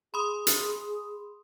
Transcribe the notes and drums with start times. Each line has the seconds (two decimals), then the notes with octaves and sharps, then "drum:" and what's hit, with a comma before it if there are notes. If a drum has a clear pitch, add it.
0.14 G#4 B5 C6 D#6
0.47 drum: hi-hat